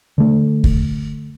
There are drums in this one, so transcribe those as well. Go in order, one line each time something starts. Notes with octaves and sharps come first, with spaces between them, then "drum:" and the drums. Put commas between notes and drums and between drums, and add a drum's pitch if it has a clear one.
D3 A3
drum: kick